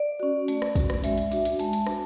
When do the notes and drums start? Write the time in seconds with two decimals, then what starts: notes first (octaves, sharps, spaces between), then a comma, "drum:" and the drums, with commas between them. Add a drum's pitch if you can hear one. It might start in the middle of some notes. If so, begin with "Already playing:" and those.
Already playing: D5
0.20 C#4 F#4
0.48 A3, drum: hi-hat
0.62 drum: rim click
0.75 C#4 F#4, drum: kick, hi-hat
0.90 drum: rim click
1.04 G#3 E5, drum: hi-hat
1.18 drum: hi-hat
1.31 D4 F#4, drum: hi-hat
1.45 drum: hi-hat
1.59 G#3 A5, drum: hi-hat
1.73 drum: hi-hat
1.87 D4 F#4, drum: rim click